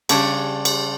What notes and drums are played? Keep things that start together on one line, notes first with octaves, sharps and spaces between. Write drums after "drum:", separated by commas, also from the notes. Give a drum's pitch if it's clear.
C#3 G3 D4 C#5 G5, drum: cymbal
drum: cymbal